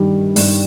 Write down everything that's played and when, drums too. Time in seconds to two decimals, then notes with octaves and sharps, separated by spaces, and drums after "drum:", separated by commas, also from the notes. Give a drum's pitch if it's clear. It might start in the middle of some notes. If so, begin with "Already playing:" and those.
Already playing: G2 D#3 G3
0.36 G2, drum: open hi-hat